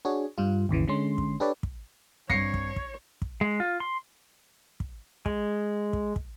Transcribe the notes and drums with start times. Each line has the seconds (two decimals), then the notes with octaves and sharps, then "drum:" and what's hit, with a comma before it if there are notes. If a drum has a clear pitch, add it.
0.05 D4 F#4 G#4 C#5
0.38 G2 G3 F4
0.69 G#1 D#2 C#3 E3
0.88 D3 G#3 C#4 C6
1.18 drum: kick
1.40 D4 G4 A4 B4 C#5 D5
1.63 drum: kick
2.30 G2 C4 C#5 A#6 C7 C#7, drum: kick
2.54 drum: kick
2.76 drum: kick
3.22 drum: kick
3.41 G#3
3.60 F4
3.80 C6
4.80 drum: kick
5.26 G#3, drum: kick
5.93 drum: kick
6.16 drum: kick